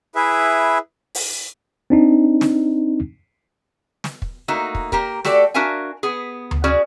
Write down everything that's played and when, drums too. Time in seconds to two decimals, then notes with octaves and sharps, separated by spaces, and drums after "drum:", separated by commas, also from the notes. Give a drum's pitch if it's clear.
0.15 E4 G#4 B4 E5
1.15 drum: open hi-hat
1.90 C4 D4 D#4
2.41 drum: snare
4.04 drum: snare
4.22 drum: kick
4.48 A3 A#3 D#4 F#4
4.75 drum: kick
4.92 A#3 G4 A#4, drum: kick
5.25 A3 F#4 G4 A4 D5, drum: snare
5.54 D4 F#4 A#4 E5 F5 G#5
6.03 B3 G#4
6.51 drum: tom D2
6.64 C#4 F#4 G#4 D5